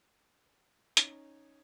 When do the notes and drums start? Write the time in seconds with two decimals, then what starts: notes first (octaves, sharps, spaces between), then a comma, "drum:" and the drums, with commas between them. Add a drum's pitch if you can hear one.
0.97 C#4 D#4, drum: hi-hat